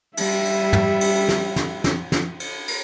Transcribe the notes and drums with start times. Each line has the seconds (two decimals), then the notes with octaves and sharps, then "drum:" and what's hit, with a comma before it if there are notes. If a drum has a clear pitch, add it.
0.17 G3 E5, drum: cymbal
0.45 drum: cymbal
0.73 drum: tom
1.01 drum: cymbal
1.28 drum: snare
1.56 drum: snare
1.84 drum: snare
2.12 drum: snare
2.40 drum: cymbal
2.68 drum: cymbal